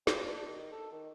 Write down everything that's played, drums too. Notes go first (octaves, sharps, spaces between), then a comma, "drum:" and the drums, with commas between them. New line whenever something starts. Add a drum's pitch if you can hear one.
C4, drum: snare
D4
D#3
A4
D#3